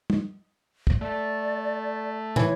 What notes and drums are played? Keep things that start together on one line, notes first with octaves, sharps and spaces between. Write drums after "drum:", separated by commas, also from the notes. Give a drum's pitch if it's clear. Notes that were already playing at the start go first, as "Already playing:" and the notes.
drum: tom
drum: kick
A3 D5
E3 C#5, drum: tom